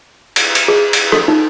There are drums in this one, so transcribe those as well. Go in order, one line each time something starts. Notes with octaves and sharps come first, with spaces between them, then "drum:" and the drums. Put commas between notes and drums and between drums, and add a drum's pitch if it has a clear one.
drum: cymbal
drum: cymbal
G#4
drum: cymbal
A4, drum: rim click
D#4